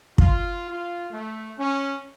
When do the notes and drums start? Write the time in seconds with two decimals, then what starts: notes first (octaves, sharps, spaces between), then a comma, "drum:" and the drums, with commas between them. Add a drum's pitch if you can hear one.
0.18 F4, drum: kick
0.70 F4
1.11 A3
1.59 C#4